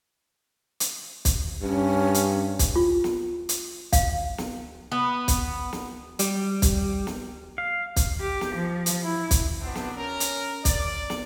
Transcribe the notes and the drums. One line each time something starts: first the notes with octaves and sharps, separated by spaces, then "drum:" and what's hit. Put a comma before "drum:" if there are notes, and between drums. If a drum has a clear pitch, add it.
drum: hi-hat
drum: kick, hi-hat
G2 C#4
drum: hi-hat
drum: kick, hi-hat
F4
drum: snare
drum: hi-hat
F5, drum: kick, hi-hat
drum: snare
B3
drum: kick, hi-hat
drum: snare
G3, drum: hi-hat
drum: kick, hi-hat
drum: snare
F5
drum: kick, hi-hat
G4
drum: snare
F3
drum: hi-hat
E4
drum: kick, hi-hat
C3 E3 F#3 B3 C4 D4
drum: snare
C#4 A#4
drum: hi-hat
D5, drum: kick, hi-hat
drum: snare